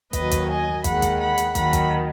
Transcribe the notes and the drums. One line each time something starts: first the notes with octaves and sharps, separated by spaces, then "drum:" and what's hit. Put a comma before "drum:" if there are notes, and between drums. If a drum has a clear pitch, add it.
D#2 D#3 F#3 B4 D#5, drum: kick, hi-hat
drum: kick, hi-hat
D#5 G#5
D#2 D#3 G#3 F#5 B5, drum: kick, hi-hat
drum: kick, hi-hat
F#5 B5
drum: hi-hat
D#2 D#3 F#3 F#5 B5, drum: kick, hi-hat
drum: kick, hi-hat